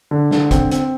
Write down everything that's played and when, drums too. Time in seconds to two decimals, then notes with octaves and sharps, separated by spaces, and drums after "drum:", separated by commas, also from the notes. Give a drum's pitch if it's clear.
0.11 D3
0.31 D3, drum: snare
0.51 C4, drum: kick, hi-hat
0.71 C4, drum: hi-hat